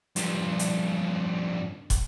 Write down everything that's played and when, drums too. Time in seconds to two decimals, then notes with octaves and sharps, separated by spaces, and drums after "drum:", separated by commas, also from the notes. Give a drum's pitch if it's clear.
0.16 G2 F3, drum: hi-hat
0.59 drum: hi-hat
1.90 drum: kick, hi-hat